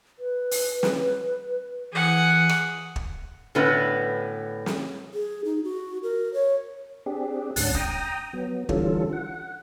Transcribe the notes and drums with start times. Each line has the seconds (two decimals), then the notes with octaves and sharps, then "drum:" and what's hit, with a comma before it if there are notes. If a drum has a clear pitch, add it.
0.19 B4
0.51 drum: open hi-hat
0.83 drum: snare
1.93 E3 G#4 F#5
2.49 drum: rim click
2.96 drum: kick
3.55 A2 D3 B3 C#4 F#4 B4
4.66 drum: snare
5.14 G#4
5.45 D#4
5.64 F#4
6.03 A#4
6.34 C#5
7.06 C4 D4 G4 G#4
7.56 D2 G#2 C#4 D4 F#5 A5, drum: open hi-hat
7.75 G5 A#5 D#6, drum: kick
8.33 F#3 B3
8.69 D3 E3 G3 C#4 F4 A4, drum: kick
9.13 F#5